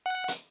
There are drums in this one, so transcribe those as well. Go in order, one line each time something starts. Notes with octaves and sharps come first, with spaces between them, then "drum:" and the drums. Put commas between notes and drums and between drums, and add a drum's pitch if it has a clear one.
F#5
drum: hi-hat